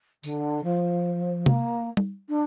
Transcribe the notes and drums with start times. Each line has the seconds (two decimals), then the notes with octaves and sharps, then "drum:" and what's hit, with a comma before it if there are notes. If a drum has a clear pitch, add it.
0.23 D3, drum: tambourine
0.64 F3
1.46 A#3, drum: tom C3
1.97 drum: tom G3
2.29 D4